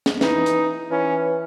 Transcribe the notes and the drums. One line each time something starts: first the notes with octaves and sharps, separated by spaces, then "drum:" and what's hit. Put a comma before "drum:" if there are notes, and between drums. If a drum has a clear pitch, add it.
drum: snare
E3 D#4, drum: snare
drum: hi-hat
E3 C#4